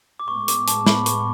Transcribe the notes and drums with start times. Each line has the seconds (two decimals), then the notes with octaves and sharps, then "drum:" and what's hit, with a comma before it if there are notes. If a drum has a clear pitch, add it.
0.19 D6
0.28 A2 G#3 B3 C#6
0.48 D6, drum: hi-hat
0.68 A5, drum: hi-hat
0.86 B5, drum: snare
1.06 C#6, drum: hi-hat